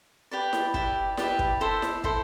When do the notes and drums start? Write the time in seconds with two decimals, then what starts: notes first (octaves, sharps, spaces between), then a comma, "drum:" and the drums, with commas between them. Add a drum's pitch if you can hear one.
0.31 G4 B4 D5
0.53 drum: snare E4
0.74 E4 G4 B4 D5, drum: kick
1.17 E4 G4 B4 D5, drum: snare E4
1.39 drum: kick
1.61 E4 A4 C5 E5
1.82 drum: snare E4
2.04 E4 A4 C5, drum: kick